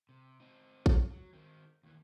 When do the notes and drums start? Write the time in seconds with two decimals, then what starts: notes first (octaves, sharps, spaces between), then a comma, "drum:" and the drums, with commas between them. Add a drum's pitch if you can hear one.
0.09 C3
0.40 C4 D#4
0.86 drum: kick
1.11 F#3
1.33 D#3 C4
1.83 D#2 E3